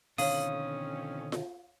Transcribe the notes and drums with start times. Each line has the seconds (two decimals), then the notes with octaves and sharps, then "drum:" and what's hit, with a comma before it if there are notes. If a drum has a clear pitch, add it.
0.18 F2 B2 D3 D#3 C#4 C#5 F5 D#6, drum: open hi-hat
1.32 drum: snare F4